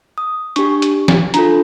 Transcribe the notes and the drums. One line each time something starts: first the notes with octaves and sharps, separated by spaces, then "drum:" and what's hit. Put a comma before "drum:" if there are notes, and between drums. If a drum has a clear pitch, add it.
D#6
D4 G4 C#6, drum: hi-hat
drum: hi-hat
drum: snare
D4 F4 A4 A#5, drum: hi-hat